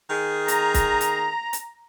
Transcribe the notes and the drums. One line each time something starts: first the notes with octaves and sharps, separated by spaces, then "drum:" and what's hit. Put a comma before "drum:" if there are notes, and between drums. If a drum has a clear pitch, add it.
D#3 G#4
A#5, drum: hi-hat
drum: kick, hi-hat
drum: hi-hat
drum: hi-hat